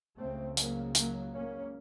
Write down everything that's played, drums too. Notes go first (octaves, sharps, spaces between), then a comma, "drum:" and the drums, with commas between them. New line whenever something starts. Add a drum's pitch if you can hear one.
C#2 C#3 A3 C4
F#3 A#3, drum: hi-hat
F#3 A#3, drum: hi-hat
A#3 C#4